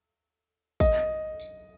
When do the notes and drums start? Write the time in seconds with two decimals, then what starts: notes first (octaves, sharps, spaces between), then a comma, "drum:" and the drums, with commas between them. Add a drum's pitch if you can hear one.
0.80 D#5, drum: kick, tambourine
1.40 drum: tambourine